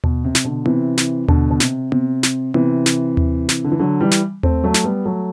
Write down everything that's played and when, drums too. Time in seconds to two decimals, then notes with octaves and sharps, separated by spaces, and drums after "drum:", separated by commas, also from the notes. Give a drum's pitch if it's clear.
0.04 B2, drum: tom D#2
0.25 C3
0.35 drum: snare
0.45 B2 D3
0.66 C3 E3, drum: tom B3
0.97 drum: snare
1.28 B2 D3, drum: tom D#2
1.51 B2
1.60 C3, drum: snare
1.92 C3, drum: tom B3
2.23 drum: snare
2.54 C3 E3, drum: tom B3
2.86 drum: snare
3.17 drum: tom D#2
3.49 drum: snare
3.64 D3
3.72 E3
3.79 D3 F#3
4.01 E3 G3
4.11 drum: snare
4.43 A3 C4, drum: tom D#2
4.64 F#3 A3
4.74 drum: snare
4.84 G3 B3
5.05 F#3 A3